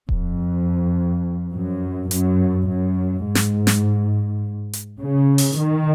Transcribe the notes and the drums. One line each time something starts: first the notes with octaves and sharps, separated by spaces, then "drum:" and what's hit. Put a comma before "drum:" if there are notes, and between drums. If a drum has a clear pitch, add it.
F2, drum: kick D#1
F#2
F#2, drum: hi-hat
F#2
G#2
drum: snare
drum: snare
drum: hi-hat
C#3
drum: open hi-hat
D#3